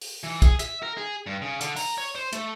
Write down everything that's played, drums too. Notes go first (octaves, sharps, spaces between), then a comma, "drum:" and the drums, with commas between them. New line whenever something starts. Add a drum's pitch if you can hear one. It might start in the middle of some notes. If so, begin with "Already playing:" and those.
drum: open hi-hat
E3
G#4, drum: kick, hi-hat
E5, drum: hi-hat
A#4
G#4
G2
C#3
D3, drum: hi-hat
A#5, drum: open hi-hat
C#5
C5
A3, drum: hi-hat